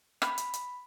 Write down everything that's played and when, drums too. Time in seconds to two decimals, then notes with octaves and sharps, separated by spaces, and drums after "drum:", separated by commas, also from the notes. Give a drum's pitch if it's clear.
0.22 B5, drum: rim click
0.38 drum: hi-hat
0.54 drum: hi-hat